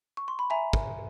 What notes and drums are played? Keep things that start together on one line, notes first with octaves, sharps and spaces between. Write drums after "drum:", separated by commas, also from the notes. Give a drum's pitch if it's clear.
C#6
C6
B5
E5 G#5 A#5
drum: kick